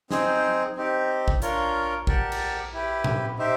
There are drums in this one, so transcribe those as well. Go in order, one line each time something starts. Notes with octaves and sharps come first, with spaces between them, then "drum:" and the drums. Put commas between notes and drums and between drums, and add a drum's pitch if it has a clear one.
C4 D#4 G#4 C5, drum: snare
C4 D#4 G4
drum: kick G#1
D4 F4 A#4 C#5, drum: hi-hat
G4 A#4 D5 F#5 A5, drum: kick G#1
drum: cymbal
E4 G4 B4
drum: tom A#2
D#4 G4 C5 E5